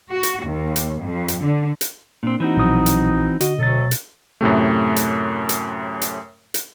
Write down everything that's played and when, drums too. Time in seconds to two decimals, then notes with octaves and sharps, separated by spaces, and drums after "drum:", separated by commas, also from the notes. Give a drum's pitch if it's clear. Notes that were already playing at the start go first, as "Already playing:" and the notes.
0.11 F#4
0.23 drum: hi-hat
0.44 D#2
0.76 drum: hi-hat
1.02 F2
1.28 drum: hi-hat
1.43 D3
1.81 drum: hi-hat
2.23 A#2 A#3 C4 D4
2.40 E3 C4 D#4 F#4
2.57 A#1 B2 F#3 D#6
2.86 drum: hi-hat
3.41 D3 F#4 D#5, drum: hi-hat
3.59 D2 B2 F#3 A4 A6
3.91 drum: hi-hat
4.41 F#2 A2 C3 A3
4.96 drum: hi-hat
5.49 drum: hi-hat
6.02 drum: hi-hat
6.54 drum: hi-hat